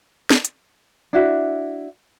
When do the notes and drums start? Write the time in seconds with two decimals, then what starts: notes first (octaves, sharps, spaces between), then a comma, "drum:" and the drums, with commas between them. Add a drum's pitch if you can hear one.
0.30 drum: snare
0.45 drum: hi-hat
1.13 D4 E4 F#4 E5